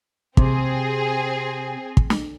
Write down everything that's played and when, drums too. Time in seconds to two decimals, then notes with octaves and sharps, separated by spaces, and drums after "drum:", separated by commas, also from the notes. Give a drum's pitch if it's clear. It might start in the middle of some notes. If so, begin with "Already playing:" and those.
0.37 C3 C4 G#4, drum: kick
1.97 drum: kick
2.10 drum: snare